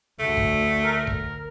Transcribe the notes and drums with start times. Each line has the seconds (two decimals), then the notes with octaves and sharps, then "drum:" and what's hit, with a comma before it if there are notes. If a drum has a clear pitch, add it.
0.19 D2 A3
0.37 drum: kick
0.84 A#4
1.07 drum: kick